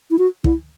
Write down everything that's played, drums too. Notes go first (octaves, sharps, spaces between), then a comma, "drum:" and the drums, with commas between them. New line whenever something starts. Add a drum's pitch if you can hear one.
E4
F#4
E4, drum: kick